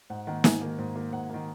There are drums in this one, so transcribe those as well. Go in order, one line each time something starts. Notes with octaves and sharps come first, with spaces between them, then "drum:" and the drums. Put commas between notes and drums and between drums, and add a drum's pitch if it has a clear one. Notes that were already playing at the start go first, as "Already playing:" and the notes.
G#2 F#5
D#3 A#3 F#5
G#2 G#5, drum: snare
D#3 A#3
G#2
D#3 A#3
G#2 F#5
D#3 A#3